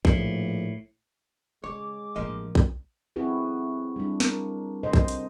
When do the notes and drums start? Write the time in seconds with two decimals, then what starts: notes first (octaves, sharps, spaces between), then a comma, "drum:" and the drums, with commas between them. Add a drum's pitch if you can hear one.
0.05 A#1 A2, drum: kick A#1
1.64 C#3 G#3 C#5 D6
2.16 A1 F3 A#3 D4 D#5
2.55 drum: kick A#1
3.16 C4 E4 F#4 G#4 B4
3.96 G3 D4
4.20 A#4, drum: snare
4.83 C3 C5 D#5
4.93 drum: kick A#1
5.08 drum: hi-hat